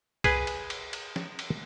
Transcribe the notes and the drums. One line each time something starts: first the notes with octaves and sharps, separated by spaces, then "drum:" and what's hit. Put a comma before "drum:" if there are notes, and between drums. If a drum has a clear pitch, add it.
G#4 B4 G#5, drum: kick C2, cymbal
drum: cymbal
drum: cymbal
drum: cymbal
drum: snare
drum: cymbal